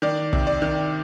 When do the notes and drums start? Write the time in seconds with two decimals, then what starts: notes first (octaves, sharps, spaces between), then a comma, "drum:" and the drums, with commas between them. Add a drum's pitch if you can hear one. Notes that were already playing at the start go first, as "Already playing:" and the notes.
0.02 D#3 D5
0.33 C3, drum: kick
0.47 D5
0.62 D#3